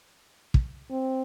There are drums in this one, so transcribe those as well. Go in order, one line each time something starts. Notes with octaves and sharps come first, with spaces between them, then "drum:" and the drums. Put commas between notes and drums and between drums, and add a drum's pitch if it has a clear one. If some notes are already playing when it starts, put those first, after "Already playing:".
drum: kick
C4